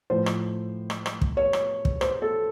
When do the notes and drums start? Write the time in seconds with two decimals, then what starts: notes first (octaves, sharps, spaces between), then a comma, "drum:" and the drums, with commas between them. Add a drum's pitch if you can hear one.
0.10 A2 F3 C5
0.26 drum: rim click
0.90 drum: rim click
1.06 drum: rim click
1.21 drum: kick
1.37 C#5
1.53 drum: rim click
1.85 drum: kick
2.01 C5, drum: rim click
2.22 A4